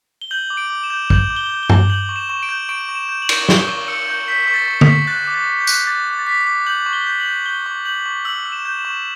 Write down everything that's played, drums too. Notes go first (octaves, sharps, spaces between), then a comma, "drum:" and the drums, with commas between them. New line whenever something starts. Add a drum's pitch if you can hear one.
G7
G6 F#7
D6
D7
D6
E7
G6
G6 F#7, drum: kick
D6
G7
G6
G7
D6, drum: tom G2
G6 F#7
C#6
E7
C#6
D7
G6
C#6 D7
C#6
E7
G6
F#7
C#6, drum: cymbal
C#6 G7, drum: snare
C#6
E6 C#7
G6
G6 B6
C#6 B6
A6
C#6
B6, drum: tom
C#6
F#6 A6
D6
A6
D6
G6
F#6, drum: tambourine
D6 A6
D6
A6
D6 B6
D6
G6 F#7
C#6
G7
G6
F#7
G6
G6 G7
C#6
G6 F#7
C#6
E6 F#7
E6
E7
G6
E7
C#6